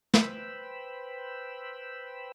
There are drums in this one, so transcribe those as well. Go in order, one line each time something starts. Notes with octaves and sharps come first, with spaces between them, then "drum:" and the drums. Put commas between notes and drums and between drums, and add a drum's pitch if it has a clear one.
B4 C5 G5 B5 E6, drum: snare